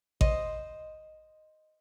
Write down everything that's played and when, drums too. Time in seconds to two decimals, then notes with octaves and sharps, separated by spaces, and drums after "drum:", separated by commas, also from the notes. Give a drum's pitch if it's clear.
0.21 C5 D#5, drum: kick A1